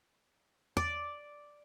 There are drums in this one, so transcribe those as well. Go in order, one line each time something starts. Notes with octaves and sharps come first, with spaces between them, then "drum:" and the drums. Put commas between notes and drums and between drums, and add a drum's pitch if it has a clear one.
D5, drum: tom